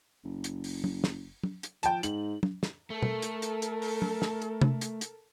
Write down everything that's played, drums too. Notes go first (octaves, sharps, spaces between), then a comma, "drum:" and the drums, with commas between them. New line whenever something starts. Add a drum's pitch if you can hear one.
F#1
drum: hi-hat
drum: open hi-hat
drum: tom F#3
drum: snare
drum: tom F#3
drum: hi-hat
F3 G5 A5, drum: hi-hat
G#2 F#7, drum: hi-hat
drum: tom F#3
drum: snare
A3 A4 A#4
drum: tom B2
drum: hi-hat
drum: hi-hat
drum: hi-hat
drum: open hi-hat
drum: tom F#3
drum: snare
drum: hi-hat
drum: tom C3
drum: hi-hat
drum: hi-hat